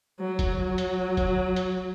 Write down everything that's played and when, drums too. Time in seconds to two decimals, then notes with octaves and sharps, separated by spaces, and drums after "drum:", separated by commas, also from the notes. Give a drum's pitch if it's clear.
0.20 F#3
0.39 drum: kick, hi-hat
0.59 F#3
0.78 drum: hi-hat
1.17 drum: kick, hi-hat
1.56 drum: hi-hat